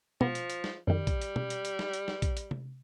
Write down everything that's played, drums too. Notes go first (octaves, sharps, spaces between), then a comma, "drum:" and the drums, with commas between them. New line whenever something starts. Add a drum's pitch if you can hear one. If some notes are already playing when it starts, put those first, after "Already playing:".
F3 B3, drum: tom
drum: hi-hat
drum: hi-hat
drum: snare
F#2 D#3 G3
drum: kick, hi-hat
drum: hi-hat
drum: tom
drum: hi-hat
drum: hi-hat
drum: snare
drum: hi-hat
drum: snare
drum: kick, hi-hat
drum: hi-hat
drum: tom C3